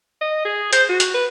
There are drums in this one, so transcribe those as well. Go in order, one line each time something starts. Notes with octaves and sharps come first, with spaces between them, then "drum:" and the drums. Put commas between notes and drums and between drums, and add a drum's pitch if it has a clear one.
D#5
G#4
C5, drum: hi-hat
F#4
drum: hi-hat
B4